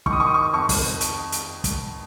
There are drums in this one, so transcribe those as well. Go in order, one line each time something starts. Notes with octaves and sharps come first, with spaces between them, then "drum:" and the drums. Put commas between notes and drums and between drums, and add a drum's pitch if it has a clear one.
D#3 C#6, drum: kick
D#6
C#6
D#6
C#6
F2 C#6
drum: kick, open hi-hat
drum: hi-hat
drum: hi-hat
drum: kick, hi-hat